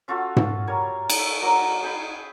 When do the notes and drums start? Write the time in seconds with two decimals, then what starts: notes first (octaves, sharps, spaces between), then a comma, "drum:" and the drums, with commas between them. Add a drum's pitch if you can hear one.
0.08 C#4 F4 F#4 A4
0.36 drum: tom G#2
0.67 G3 A#4 C#5 G#5
1.10 drum: cymbal
1.19 E5
1.42 F#3 A#3 A#5
1.83 G#4 G5 G#5 B5